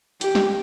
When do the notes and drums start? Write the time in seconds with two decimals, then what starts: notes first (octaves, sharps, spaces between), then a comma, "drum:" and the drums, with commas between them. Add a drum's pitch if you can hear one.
0.21 G4, drum: hi-hat
0.35 drum: snare